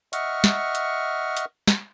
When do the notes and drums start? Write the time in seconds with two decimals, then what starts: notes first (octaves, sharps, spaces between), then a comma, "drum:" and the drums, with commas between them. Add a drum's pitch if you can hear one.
0.13 D#5 E5 F#5 C#6 F6, drum: hi-hat
0.44 drum: snare
0.75 drum: hi-hat
1.37 drum: hi-hat
1.68 drum: snare